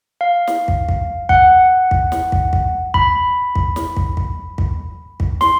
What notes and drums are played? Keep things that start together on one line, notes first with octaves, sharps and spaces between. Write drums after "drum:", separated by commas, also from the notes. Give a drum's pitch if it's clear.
F5
drum: snare
drum: kick
drum: kick
F#5, drum: kick
drum: kick
drum: snare
drum: kick
drum: kick
B5, drum: kick
drum: kick
drum: snare
drum: kick
drum: kick
drum: kick
drum: kick
C6, drum: snare